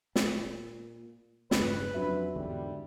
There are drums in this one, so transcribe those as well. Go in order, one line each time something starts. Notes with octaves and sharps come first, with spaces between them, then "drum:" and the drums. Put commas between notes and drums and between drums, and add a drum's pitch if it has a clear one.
A#2, drum: snare
E2 G2 C#3 B4, drum: snare
F2 F#3 C#4 D4 F#4 E5
E2 G#2 D3 G3